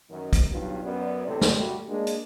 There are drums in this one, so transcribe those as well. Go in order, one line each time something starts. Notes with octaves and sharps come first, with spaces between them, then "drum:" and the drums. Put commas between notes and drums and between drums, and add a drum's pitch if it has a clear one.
F#2 D#3 F#3
drum: kick, hi-hat
G2 B2 F#3 B3 D#4 F4
F#2 B3 D5
D2 A2 C3 G#3 A3 C5
drum: snare
G3 A3 F#4
G#3 A#3 D4
drum: hi-hat